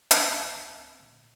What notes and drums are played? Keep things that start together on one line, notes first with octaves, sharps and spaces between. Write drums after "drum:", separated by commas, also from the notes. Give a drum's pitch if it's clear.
E3, drum: hi-hat
A#1 D3 E3
A1 G#2 D#3
C#2 G#2 A3 C4
A#2 D3 A3